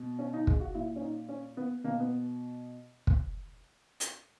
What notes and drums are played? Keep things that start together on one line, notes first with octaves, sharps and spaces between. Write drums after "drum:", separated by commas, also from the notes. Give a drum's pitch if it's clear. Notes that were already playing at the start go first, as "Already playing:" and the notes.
Already playing: B2
C#4
D#4
G#4, drum: kick
F#4
A#2 E4
C#4
D#4
C#4
B3
B2 A#3
B3
drum: kick
drum: hi-hat